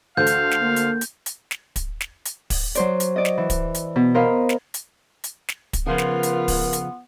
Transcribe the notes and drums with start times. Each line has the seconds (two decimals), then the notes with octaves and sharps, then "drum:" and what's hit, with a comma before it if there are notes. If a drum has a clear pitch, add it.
0.17 D2 A4 C5 F5 G6
0.27 drum: hi-hat
0.51 drum: snare
0.62 A#3
0.76 drum: hi-hat
1.01 drum: hi-hat
1.26 drum: hi-hat
1.51 drum: snare
1.76 drum: kick, hi-hat
2.01 drum: snare
2.25 drum: hi-hat
2.50 drum: kick, open hi-hat
2.75 F#3 C5 D5, drum: hi-hat
3.00 drum: hi-hat
3.16 D5 D#5
3.25 drum: snare
3.38 E3
3.50 drum: kick, hi-hat
3.75 drum: hi-hat
3.96 B2
4.15 A#4 C5 D#5 F5 B5
4.49 drum: snare
4.74 drum: hi-hat
5.24 drum: hi-hat
5.48 drum: snare
5.73 drum: kick, hi-hat
5.87 C#3 F3 B3 F4 A#4 B4
5.98 drum: snare
6.23 drum: hi-hat
6.48 drum: kick, open hi-hat
6.73 drum: hi-hat